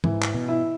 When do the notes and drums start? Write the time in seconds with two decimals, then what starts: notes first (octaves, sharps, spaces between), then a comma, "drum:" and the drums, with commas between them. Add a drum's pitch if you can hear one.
0.04 G#2 E3, drum: tom
0.22 drum: clap
0.34 B2
0.48 E4